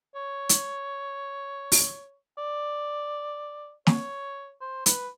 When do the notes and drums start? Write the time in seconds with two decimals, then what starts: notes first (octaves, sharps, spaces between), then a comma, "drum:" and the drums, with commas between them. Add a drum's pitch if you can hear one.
0.15 C#5
0.49 drum: hi-hat
1.72 drum: open hi-hat
2.38 D5
3.87 C#5, drum: snare
4.61 C5
4.86 B4, drum: hi-hat